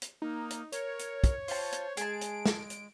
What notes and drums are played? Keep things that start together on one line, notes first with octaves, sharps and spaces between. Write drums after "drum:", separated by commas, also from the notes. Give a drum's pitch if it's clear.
drum: hi-hat
A#3 D#4
drum: hi-hat
A#4 C#5, drum: hi-hat
drum: hi-hat
drum: kick, hi-hat
F4 C5 A5, drum: open hi-hat
drum: hi-hat
G#3 G#4 A5 D7, drum: hi-hat
drum: hi-hat
drum: snare
drum: hi-hat